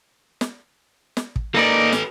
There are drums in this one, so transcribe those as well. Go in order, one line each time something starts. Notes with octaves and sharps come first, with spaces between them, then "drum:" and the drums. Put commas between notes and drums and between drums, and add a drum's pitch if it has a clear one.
drum: snare
drum: snare
drum: kick
A#3 D#4 A4 B4 D5
drum: snare